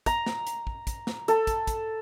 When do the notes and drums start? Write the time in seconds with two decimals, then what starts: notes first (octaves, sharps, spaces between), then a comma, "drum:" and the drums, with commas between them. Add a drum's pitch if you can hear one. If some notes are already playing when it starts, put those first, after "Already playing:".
0.06 A#5, drum: kick, hi-hat
0.26 drum: snare
0.47 drum: hi-hat
0.67 drum: kick
0.87 drum: kick, hi-hat
1.07 drum: snare
1.28 A4, drum: hi-hat
1.47 drum: kick, hi-hat
1.67 drum: kick, hi-hat